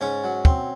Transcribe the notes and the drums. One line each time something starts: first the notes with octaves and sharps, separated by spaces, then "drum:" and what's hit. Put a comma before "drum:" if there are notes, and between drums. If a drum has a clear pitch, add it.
G#2 C#4 C#5
F#3
C4, drum: kick